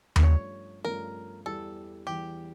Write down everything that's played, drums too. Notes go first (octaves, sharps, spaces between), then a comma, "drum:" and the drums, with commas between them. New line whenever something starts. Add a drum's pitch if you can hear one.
A#4, drum: tom D#2
G2 F3 A3 C#4 C#5
G2 F3 A3 C#4 A#4
E2 E3 G3 A4
E2 E3 G3 G4